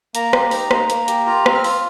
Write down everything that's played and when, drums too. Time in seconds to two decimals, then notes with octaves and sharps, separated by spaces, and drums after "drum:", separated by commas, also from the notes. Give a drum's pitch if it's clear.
0.15 A#3 A#5, drum: hi-hat
0.33 G4, drum: rim click
0.51 D#4, drum: open hi-hat
0.71 A#3, drum: rim click
0.90 A#3, drum: hi-hat
1.08 G4, drum: hi-hat
1.27 F4 A#5
1.46 C4, drum: rim click
1.55 F6
1.64 F4, drum: open hi-hat